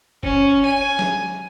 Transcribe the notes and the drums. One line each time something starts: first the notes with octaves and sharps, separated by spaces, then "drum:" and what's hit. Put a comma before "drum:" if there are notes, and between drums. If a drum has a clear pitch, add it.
C#4, drum: kick F1
G#5
drum: snare